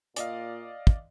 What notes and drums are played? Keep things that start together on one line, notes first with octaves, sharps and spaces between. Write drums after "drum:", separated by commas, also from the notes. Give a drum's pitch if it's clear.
A#2 D5 D#5 F5, drum: hi-hat
drum: kick